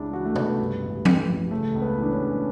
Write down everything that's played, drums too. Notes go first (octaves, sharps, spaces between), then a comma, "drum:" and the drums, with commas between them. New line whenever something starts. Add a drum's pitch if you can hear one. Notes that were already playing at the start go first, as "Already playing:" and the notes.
Already playing: C#2 C#3 D4 E4
E3 F#4
A3
C#2 B3, drum: tom C3
G2
A1
E3, drum: tom F3
A1
C#3 A3
C#2
B3
E3
D4
C#4
C#2